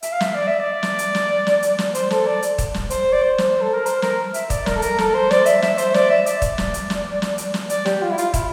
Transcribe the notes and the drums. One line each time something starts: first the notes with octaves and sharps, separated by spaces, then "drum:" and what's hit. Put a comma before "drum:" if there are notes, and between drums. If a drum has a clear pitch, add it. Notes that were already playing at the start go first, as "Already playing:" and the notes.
E5, drum: hi-hat
F5
E5, drum: snare
D5
E5
D5
drum: snare
drum: hi-hat
drum: snare
drum: snare
drum: hi-hat
drum: snare
C5, drum: hi-hat
A4, drum: snare
D5
drum: hi-hat
drum: kick, hi-hat
drum: snare
C5, drum: hi-hat
D5
C5
drum: snare
A4
A#4
C5, drum: hi-hat
A#4, drum: snare
E5, drum: hi-hat
D5, drum: kick, hi-hat
A#4, drum: snare
A4
A#4, drum: hi-hat
A4, drum: snare
C5
D5, drum: snare
E5, drum: hi-hat
E5, drum: snare
C5, drum: hi-hat
D5, drum: snare
E5
D5, drum: hi-hat
D5, drum: kick, hi-hat
drum: snare
drum: hi-hat
drum: snare
drum: snare
drum: hi-hat
drum: snare
D5, drum: hi-hat
G4, drum: snare
F4
E4
F4, drum: hi-hat
E4, drum: kick, hi-hat